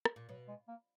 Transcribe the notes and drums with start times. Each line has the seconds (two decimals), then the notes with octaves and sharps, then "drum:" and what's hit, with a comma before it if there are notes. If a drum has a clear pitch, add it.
0.05 drum: rim click
0.16 A#2
0.29 B2 F#3
0.48 G#3
0.68 A#3